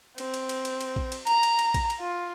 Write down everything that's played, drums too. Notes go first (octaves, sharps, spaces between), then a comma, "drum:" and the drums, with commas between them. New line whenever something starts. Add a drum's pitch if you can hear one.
C4, drum: cymbal
drum: cymbal
drum: cymbal
drum: cymbal
drum: cymbal
drum: kick A#1
drum: cymbal
A#5, drum: cymbal
drum: cymbal
drum: cymbal
drum: kick A#1, cymbal
drum: cymbal
F4